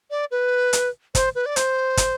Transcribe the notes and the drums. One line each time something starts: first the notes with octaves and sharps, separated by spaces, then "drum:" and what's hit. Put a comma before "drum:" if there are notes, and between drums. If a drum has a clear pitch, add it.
D5
B4
drum: hi-hat
C5, drum: kick, hi-hat
B4
D5
C5, drum: hi-hat
drum: kick, hi-hat